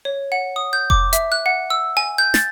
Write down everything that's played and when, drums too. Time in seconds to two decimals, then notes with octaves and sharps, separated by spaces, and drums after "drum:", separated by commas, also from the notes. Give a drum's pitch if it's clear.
0.05 C#5
0.32 F#5
0.56 D#6
0.73 G6
0.90 D6, drum: kick F1
1.13 E5, drum: hi-hat
1.32 F#6
1.46 F#5
1.70 E6
1.97 G#5
2.18 G6
2.34 A6, drum: snare